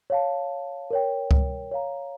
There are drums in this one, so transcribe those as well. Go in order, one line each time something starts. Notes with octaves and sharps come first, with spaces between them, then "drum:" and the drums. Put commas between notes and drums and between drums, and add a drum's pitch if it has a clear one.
C#5 F5 A5
A#4 C#5 G5
drum: kick C#2
C#5 F5 A#5